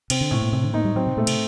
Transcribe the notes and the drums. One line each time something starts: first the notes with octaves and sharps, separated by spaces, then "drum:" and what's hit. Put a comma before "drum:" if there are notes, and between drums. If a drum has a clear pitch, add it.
C3 C4, drum: cymbal
D3
A2 C3
A#2
A2 C3
D3
A#3 D#4
G3
F#3 C4
C3
A#2 A3
C3, drum: cymbal